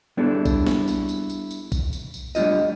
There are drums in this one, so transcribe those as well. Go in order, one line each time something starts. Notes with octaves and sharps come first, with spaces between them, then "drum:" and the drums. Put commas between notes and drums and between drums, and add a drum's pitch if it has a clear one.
G3 B3 D4 E4 G#4 A4
drum: kick, tambourine
drum: snare
drum: tambourine
drum: tambourine
drum: tambourine
drum: tambourine
drum: kick, tambourine
drum: tambourine
drum: tambourine
G3 A3 D4 F4 D#5, drum: tambourine